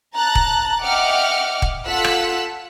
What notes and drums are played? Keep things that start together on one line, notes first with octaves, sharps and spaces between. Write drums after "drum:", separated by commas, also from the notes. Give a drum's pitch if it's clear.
A5 A#5 F#6 A6
drum: kick D#1
D#5 E5 F#5 G5 D6 F6
drum: kick D#1
F4 A4 F#5 E6 F#6 B6
drum: rim click